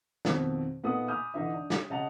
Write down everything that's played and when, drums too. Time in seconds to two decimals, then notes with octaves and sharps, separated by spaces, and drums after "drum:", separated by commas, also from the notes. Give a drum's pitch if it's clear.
0.25 F2 B2 D#3, drum: snare
0.84 A#2 B3 D#4 A4 F#5 D#6
1.08 G#5 B5 D6 D#6 F6 G6
1.34 D3 E3 D#4 E5
1.54 D4
1.70 drum: snare
1.90 C#3 D#5 F#5 A5 F7